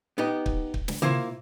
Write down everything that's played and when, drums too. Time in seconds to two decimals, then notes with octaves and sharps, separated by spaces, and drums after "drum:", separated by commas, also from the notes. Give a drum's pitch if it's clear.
0.18 B3 D#4 G4
0.46 drum: kick
0.74 drum: kick
0.88 drum: snare
1.02 A#3 E4 F4 C5, drum: tom C3